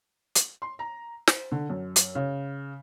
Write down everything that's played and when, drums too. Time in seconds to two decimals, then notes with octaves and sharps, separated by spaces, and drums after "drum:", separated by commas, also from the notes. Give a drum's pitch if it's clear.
0.35 drum: hi-hat
0.62 C6
0.79 A#5
1.27 C5, drum: snare
1.51 D3
1.70 F#2
1.96 drum: hi-hat
2.15 C#3